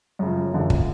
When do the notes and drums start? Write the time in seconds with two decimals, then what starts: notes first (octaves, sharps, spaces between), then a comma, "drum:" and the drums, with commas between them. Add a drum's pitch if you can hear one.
0.19 F#2 C#3 F3
0.53 F#1 F#2 D3 F3
0.70 drum: kick